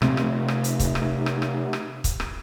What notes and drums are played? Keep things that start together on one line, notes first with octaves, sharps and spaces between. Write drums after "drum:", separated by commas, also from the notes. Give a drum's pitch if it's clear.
C3 A3 C4, drum: rim click
drum: rim click
drum: rim click
drum: hi-hat
drum: kick, hi-hat
drum: rim click
drum: rim click
drum: rim click
drum: rim click
drum: kick, hi-hat
drum: rim click